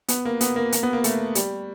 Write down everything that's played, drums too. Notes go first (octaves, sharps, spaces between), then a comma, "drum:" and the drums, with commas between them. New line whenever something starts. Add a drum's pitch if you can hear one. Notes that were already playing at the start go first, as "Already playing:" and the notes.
B3, drum: hi-hat
A#3
B3, drum: hi-hat
A#3
A#3, drum: hi-hat
B3
A#3
A3, drum: hi-hat
G3, drum: hi-hat